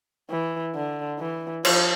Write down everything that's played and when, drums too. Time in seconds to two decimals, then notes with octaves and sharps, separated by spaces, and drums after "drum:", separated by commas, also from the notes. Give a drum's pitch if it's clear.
0.30 E3
0.75 D3
1.19 E3
1.65 F3, drum: cymbal